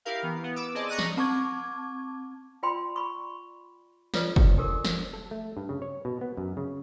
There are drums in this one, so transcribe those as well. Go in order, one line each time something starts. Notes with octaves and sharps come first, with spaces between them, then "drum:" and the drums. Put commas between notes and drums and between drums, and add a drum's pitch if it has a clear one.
E4 G4 A#4 F5
E3 B3
B3
D6 E6
C4 G#4 D5 D#5 A5
A#5 C#6 D#6 F#6 A#6 D#7
drum: snare
C4 A5 C#6 D6 G#6
F4 D5 G5 B5 C6
B5 C#6
F4 A4 B4 C#5 D5, drum: snare
drum: kick
D4 G4 A4 A#4
drum: snare
A4
A3
G2
C#3
C#5
B2
B3
F#2
C#3